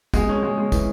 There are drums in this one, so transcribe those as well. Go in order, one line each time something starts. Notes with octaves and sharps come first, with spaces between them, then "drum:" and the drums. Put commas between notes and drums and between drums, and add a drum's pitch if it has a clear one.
G#3, drum: kick, tambourine
C#4
G#3
G#3
E3, drum: kick, tambourine